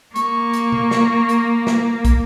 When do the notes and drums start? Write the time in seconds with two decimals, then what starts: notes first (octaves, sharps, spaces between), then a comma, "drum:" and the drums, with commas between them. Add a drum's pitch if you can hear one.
0.16 A#3 C#6, drum: hi-hat
0.53 drum: hi-hat
0.72 drum: tom C3
0.91 drum: snare
1.29 drum: hi-hat
1.67 drum: snare
2.05 drum: kick, hi-hat